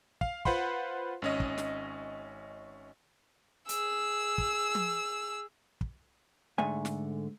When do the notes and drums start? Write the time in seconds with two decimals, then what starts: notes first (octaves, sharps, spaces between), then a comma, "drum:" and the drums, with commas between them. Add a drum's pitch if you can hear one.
0.21 F5, drum: kick
0.45 F4 B4 C5 F#5 B5 C6, drum: kick
1.22 G#1 C#4 D#5
1.40 drum: kick
1.58 drum: snare
3.69 G#4 E6, drum: hi-hat
4.38 drum: kick
4.75 drum: tom
5.81 drum: kick
6.58 G#2 D3 A3 G#5
6.85 drum: snare